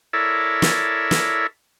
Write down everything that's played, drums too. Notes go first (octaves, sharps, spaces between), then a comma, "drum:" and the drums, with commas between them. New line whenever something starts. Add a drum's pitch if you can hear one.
E4 A4 A#4 C#5 D5 E5
drum: snare
drum: snare